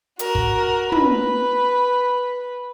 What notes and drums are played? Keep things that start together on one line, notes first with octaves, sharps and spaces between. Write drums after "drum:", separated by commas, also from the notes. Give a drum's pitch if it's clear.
F#4 A#4, drum: hi-hat
drum: kick
B4, drum: tom